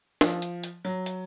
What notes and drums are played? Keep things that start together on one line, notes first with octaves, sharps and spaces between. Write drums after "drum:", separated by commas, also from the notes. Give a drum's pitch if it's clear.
F3, drum: snare
drum: hi-hat
drum: hi-hat
F#3
drum: hi-hat